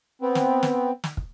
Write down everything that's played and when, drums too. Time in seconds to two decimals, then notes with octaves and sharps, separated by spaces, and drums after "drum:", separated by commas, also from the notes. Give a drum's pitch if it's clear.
0.22 B3 C4
0.35 drum: snare
0.63 drum: snare
1.04 drum: snare
1.17 drum: kick